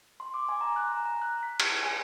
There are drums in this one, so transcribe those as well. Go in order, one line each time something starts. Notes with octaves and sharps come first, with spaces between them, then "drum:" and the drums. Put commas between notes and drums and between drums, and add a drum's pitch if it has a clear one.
C6
D6
G#5
A#5
F#6
A#5
A#5
F#6
B6
G#6, drum: cymbal
G#5